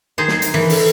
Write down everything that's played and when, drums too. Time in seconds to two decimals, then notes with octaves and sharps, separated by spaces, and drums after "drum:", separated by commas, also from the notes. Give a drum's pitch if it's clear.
0.18 D#3 G#4 C5
0.28 drum: snare
0.42 drum: hi-hat
0.54 E3 A#4
0.69 A4, drum: open hi-hat